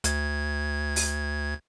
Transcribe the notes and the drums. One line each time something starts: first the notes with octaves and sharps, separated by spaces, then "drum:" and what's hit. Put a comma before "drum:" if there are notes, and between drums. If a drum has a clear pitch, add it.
D2 G#6, drum: hi-hat
drum: open hi-hat